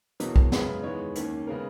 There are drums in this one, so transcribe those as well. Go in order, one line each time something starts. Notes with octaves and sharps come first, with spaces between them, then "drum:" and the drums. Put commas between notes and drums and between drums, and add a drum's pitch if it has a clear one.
E2 B2 F#3 A#3 D#5, drum: hi-hat
drum: kick
F#2 C#3 G#3 B3, drum: snare
E2 D#3 G#3 B3 C#5
D#2 D#3 A#3 C#4, drum: hi-hat
C#3 G#3 B3 A#4